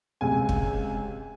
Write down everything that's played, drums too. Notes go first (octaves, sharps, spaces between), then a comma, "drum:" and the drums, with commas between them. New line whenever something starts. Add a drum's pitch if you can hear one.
C#2 C3 G#5
drum: kick